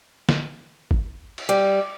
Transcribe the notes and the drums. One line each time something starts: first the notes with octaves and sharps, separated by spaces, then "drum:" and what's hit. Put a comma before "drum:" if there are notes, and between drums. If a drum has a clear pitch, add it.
drum: snare
drum: kick
drum: cymbal
G3